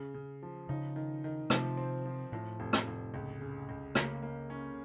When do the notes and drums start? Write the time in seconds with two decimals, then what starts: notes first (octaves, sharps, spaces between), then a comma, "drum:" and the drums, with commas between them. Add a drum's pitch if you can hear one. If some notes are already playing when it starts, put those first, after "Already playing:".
Already playing: C#3
0.14 C#3
0.43 F3
0.69 C#3 D#4
0.96 D#3
1.24 D#3
1.50 C3 F3, drum: rim click
1.77 C4
2.05 F3
2.32 A2 F3
2.60 F1
2.73 drum: rim click
2.87 F1
3.14 C#2
3.41 C#3
3.69 C#2
3.95 C#3 A#3, drum: rim click
4.22 A#3
4.50 C#4